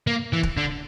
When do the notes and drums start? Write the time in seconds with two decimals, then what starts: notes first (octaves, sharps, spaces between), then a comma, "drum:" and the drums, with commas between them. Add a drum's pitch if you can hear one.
0.07 A#3
0.33 E3
0.43 drum: kick
0.57 D3